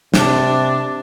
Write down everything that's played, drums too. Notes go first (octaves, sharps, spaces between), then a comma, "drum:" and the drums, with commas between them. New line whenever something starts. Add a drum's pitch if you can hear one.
C3 D4, drum: snare